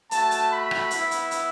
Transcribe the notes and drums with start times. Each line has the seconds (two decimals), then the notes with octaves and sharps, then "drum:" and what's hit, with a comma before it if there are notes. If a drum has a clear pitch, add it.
0.11 A3 F#4 A5, drum: hi-hat
0.31 drum: hi-hat
0.51 B5
0.71 drum: rim click
0.91 B3 E4, drum: hi-hat
1.11 drum: hi-hat
1.31 drum: hi-hat